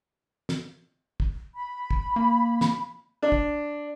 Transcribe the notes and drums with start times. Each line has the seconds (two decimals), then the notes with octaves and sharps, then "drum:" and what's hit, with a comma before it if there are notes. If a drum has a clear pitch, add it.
0.49 drum: snare
1.20 drum: kick
1.55 B5
1.90 drum: kick
2.16 A#3
2.61 drum: snare
3.22 D4
3.32 drum: kick